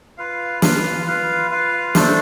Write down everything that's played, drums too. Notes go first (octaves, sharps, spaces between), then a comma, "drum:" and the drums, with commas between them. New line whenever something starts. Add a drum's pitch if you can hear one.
F4 B4 F5
F4 B4 F5, drum: snare
F4 B4 F5
F4 B4 F5
A3 D4 A4 C5, drum: snare